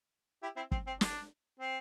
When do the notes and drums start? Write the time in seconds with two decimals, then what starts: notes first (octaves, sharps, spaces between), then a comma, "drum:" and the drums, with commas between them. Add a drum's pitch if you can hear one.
0.42 E4 G4
0.56 C4 E4
0.71 C4, drum: kick
0.87 C4
1.01 D4, drum: snare
1.60 C4